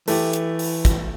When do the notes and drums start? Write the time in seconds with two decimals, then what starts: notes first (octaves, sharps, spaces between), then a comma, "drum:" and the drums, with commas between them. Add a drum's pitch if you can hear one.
0.08 E3 A3 G4, drum: open hi-hat
0.33 drum: hi-hat
0.59 drum: open hi-hat
0.85 drum: kick, hi-hat